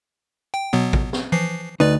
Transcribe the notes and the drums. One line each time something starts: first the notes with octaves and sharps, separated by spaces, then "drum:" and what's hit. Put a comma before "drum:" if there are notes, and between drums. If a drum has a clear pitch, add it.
G5
B2 F#3 B3
drum: kick A1
drum: snare
E3 F3 C7
D2 D#4 B4 D5